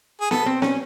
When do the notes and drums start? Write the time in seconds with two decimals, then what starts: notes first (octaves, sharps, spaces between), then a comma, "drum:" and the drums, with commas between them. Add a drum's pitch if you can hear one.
0.21 G#4
0.31 B3 A4, drum: snare B3
0.46 C4
0.62 C#4, drum: snare B3